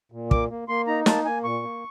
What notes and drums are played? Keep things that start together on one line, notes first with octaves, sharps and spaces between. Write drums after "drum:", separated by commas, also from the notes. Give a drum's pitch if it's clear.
A#2
A#3 D6, drum: kick
A#3
A#3 C6
D#4 A#5
A#3 A5, drum: snare
A#3 G#5
A#2 C#6
A#3